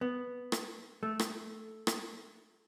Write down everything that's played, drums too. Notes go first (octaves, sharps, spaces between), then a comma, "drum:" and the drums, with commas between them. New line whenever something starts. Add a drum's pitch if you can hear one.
B3
drum: rim click
A3
drum: rim click
drum: rim click